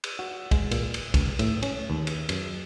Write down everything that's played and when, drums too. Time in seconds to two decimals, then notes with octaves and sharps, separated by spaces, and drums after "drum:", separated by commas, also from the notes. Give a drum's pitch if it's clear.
0.04 drum: cymbal
0.19 F#4
0.51 G#3, drum: kick, cymbal
0.71 A#2, drum: cymbal
0.94 drum: cymbal
1.14 C#2, drum: kick, cymbal
1.39 A2, drum: cymbal
1.63 C#4, drum: cymbal
1.90 D#2
2.07 drum: cymbal
2.29 F#2, drum: cymbal